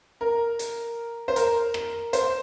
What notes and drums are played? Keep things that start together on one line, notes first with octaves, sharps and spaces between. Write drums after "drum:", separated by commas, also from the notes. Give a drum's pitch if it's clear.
A#4
drum: hi-hat
C5
A#4, drum: hi-hat
drum: rim click
C5, drum: hi-hat